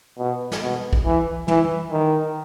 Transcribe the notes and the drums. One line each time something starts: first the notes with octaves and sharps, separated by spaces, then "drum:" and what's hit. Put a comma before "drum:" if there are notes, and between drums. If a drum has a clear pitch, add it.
B2
drum: snare
B2
drum: kick
E3
E3, drum: tom
D#3